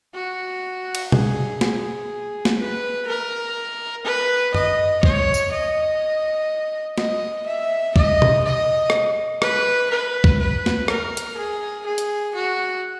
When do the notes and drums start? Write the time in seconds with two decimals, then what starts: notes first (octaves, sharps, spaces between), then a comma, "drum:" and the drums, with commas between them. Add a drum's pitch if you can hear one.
0.14 F#4
0.95 drum: cymbal
1.12 G#4, drum: tom B2
1.61 G#4, drum: snare
2.45 drum: snare
2.59 B4
3.07 A#4
4.05 B4
4.54 D#5, drum: tom F#2
5.03 C#5, drum: kick
5.34 drum: tambourine
5.51 D#5
6.98 D#5, drum: snare
7.47 E5
7.96 D#5, drum: kick
8.22 drum: tom B2
8.44 D#5
8.90 drum: rim click
9.42 B4, drum: rim click
9.91 B4
10.24 drum: kick
10.39 B4
10.66 drum: snare
10.88 A#4, drum: rim click
11.17 drum: hi-hat
11.37 G#4
11.86 G#4
11.98 drum: hi-hat
12.35 F#4